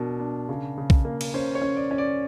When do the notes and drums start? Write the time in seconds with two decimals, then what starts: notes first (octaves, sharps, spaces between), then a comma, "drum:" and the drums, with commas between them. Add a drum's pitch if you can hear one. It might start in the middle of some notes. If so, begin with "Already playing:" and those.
Already playing: B2 D4 A#4
0.20 D4
0.49 C#3
0.78 C#3
0.90 drum: kick B1
1.05 A#3
1.21 drum: cymbal
1.34 C#4 C5
1.55 C#5
1.62 C#4
1.76 D5
1.91 C#4
1.98 D5